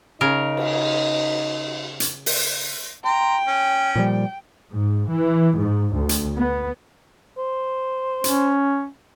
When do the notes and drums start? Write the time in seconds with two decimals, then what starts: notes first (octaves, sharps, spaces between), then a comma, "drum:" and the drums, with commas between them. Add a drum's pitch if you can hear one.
0.21 C#3 D#4 A#4
0.57 drum: cymbal
2.00 drum: hi-hat
2.26 drum: open hi-hat
3.05 G5 A#5 C6
3.47 C#4
3.95 A#2 F3 G3
4.71 G#2
5.10 E3
5.56 G#2
5.93 D2
6.09 drum: hi-hat
6.38 B3
7.38 C5
8.24 C#4, drum: hi-hat